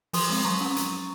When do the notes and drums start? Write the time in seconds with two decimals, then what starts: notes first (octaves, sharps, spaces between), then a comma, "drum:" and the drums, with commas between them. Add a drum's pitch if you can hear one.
0.13 F3 C6 D#6, drum: open hi-hat
0.30 G#3 C4
0.44 F#3 A#5 C#6
0.61 C#4
0.76 drum: hi-hat